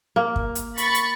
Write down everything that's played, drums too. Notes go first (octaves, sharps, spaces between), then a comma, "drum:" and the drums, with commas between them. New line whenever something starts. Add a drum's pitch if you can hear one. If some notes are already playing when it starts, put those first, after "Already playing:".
A#3
drum: kick
drum: hi-hat
B5 C#6 A6, drum: hi-hat
drum: hi-hat